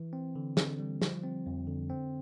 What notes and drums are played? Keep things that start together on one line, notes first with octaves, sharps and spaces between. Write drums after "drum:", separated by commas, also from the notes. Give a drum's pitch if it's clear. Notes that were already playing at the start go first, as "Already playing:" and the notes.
Already playing: E3
C4
D3
D3, drum: snare
G3
F3, drum: snare
C4
F2
D3
C4